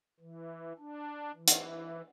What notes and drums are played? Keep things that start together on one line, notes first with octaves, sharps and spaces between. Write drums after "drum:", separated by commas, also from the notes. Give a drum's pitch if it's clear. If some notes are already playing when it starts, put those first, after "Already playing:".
E3
D4
E3
drum: hi-hat